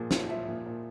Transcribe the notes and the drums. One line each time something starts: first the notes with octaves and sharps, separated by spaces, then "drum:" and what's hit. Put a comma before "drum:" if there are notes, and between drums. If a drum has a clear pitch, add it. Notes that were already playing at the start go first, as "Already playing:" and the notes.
Already playing: A#2 F3 G#4
F3, drum: snare
F3 E5
A#2
A#2